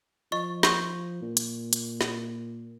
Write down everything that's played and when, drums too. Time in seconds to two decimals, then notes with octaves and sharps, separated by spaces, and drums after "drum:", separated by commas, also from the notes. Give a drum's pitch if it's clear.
0.32 F3 D#5 C#6
0.63 C6 C#6 G6, drum: snare
1.22 A#2
1.37 drum: hi-hat
1.73 drum: hi-hat
2.01 drum: snare